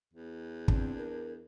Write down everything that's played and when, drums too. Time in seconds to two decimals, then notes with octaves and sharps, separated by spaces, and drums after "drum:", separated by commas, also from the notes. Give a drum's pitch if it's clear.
0.13 E2
0.68 C4 D4, drum: kick
0.98 A#4